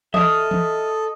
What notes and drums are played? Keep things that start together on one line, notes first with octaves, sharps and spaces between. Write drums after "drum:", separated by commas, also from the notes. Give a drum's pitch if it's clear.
A4 D#5 E5 F6, drum: tom E3
drum: tom E3